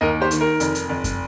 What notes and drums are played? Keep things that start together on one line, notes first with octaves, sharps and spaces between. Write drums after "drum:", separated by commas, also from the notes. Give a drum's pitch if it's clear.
D#2 A#4 D#5
G4 C5
D#3, drum: hi-hat
A#4
F1, drum: hi-hat
drum: hi-hat
F1
drum: kick, hi-hat